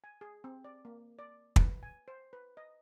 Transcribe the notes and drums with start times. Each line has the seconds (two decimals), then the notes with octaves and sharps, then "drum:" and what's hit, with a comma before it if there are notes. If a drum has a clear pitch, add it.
0.04 G#5
0.21 G#4
0.44 C4
0.65 D5
0.85 A#3
1.19 D5
1.56 B4, drum: kick
1.83 G#5
2.08 C5
2.33 B4
2.57 D#5